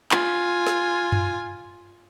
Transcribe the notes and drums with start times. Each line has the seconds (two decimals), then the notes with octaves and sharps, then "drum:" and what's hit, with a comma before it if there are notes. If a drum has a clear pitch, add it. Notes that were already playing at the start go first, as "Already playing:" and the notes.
0.11 F4 G#5, drum: clap
0.67 drum: snare
1.12 drum: tom F#2